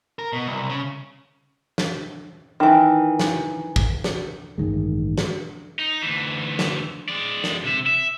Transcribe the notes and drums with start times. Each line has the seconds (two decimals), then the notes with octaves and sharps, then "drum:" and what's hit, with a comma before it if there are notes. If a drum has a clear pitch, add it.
0.19 A#4
0.33 B2
0.46 C2
0.69 C#3
1.78 drum: snare
2.60 D#3 E3
3.19 drum: snare
3.76 drum: kick
4.04 drum: snare
4.58 A1 G2 D#3 G#3
5.18 drum: snare
5.79 D#4
6.02 D2 E3
6.59 drum: snare
7.08 G#3 D5
7.44 drum: snare
7.64 C3 E5
7.87 E5